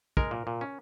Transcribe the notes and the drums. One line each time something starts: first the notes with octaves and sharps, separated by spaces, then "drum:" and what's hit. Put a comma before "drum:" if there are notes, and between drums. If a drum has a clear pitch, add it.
G#3 A#4, drum: kick
A#2
A#2
C#4